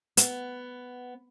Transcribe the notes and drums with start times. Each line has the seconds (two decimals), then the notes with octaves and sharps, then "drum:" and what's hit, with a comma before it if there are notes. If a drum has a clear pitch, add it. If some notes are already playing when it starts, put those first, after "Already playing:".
0.17 B3, drum: hi-hat